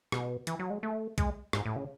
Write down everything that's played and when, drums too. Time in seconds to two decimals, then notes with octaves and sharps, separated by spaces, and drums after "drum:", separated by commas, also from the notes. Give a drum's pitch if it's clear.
0.12 B2, drum: rim click
0.47 E3, drum: hi-hat
0.59 F#3
0.70 G#3
0.83 A3
1.18 G#3, drum: kick, hi-hat
1.53 G#2, drum: rim click
1.65 A2
1.76 C#3